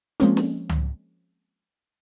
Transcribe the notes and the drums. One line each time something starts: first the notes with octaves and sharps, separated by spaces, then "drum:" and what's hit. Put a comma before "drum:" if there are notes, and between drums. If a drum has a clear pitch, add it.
F3 G#3 A#3 C4 C#4, drum: hi-hat
drum: snare
drum: tom C#2